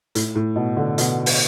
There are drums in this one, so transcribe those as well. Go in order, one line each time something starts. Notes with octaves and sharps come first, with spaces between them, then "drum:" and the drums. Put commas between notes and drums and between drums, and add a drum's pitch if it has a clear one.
A2, drum: hi-hat
A2
B2
D3
B2, drum: hi-hat
drum: open hi-hat